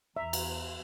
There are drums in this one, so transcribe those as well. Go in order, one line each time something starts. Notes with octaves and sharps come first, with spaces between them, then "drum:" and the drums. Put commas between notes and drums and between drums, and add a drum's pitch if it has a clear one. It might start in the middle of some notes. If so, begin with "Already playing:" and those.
E2 E5 A#5
drum: cymbal